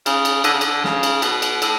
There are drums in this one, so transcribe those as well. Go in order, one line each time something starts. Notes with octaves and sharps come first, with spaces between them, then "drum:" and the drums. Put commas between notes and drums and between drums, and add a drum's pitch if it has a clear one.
C#3, drum: cymbal
drum: cymbal
D3, drum: cymbal
C#3
D3, drum: cymbal
C#3, drum: snare
drum: cymbal
B2, drum: cymbal
drum: cymbal
A2, drum: cymbal